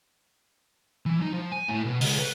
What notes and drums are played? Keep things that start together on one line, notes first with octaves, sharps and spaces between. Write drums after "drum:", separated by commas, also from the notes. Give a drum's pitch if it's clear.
E3
D#4
F3
G#5
A2
B2
C#2, drum: open hi-hat
B4